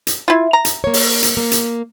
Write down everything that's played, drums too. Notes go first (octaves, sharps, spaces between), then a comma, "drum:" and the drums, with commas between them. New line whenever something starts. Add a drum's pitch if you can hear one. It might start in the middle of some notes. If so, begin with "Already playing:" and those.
drum: hi-hat
E4 F4
A#5
drum: hi-hat
A#3 C#5
drum: open hi-hat
drum: hi-hat
A#3
drum: hi-hat